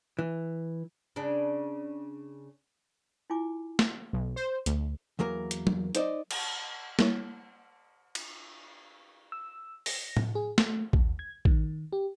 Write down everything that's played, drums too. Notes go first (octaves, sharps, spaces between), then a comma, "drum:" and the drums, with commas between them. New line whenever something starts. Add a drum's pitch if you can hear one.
E3
C#3 D4
E4 F4 G#5 D6
drum: snare
B1
C5
D2, drum: hi-hat
E2 F#3 A#3 A#4
drum: hi-hat
drum: tom F#3
D#4 C5 D5 D#5, drum: hi-hat
drum: cymbal
G3 A#3 E4 C#5, drum: snare
drum: cymbal
E6
A#6, drum: open hi-hat
drum: tom
G#4
A3, drum: snare
D#2, drum: kick
G#6
D#3, drum: kick
G4